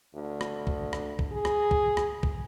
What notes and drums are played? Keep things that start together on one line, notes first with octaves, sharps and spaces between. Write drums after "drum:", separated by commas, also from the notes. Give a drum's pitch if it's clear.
D2
drum: rim click
drum: kick
drum: rim click
drum: kick
G#4
drum: rim click
drum: kick
drum: rim click
drum: kick